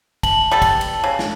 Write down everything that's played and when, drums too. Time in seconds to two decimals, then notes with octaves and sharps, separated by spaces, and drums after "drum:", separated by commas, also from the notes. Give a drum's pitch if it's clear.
0.23 A5 F#7, drum: kick, cymbal
0.51 G3 B3 A4
0.62 drum: kick, cymbal
0.81 drum: cymbal
1.04 C#3
1.19 drum: snare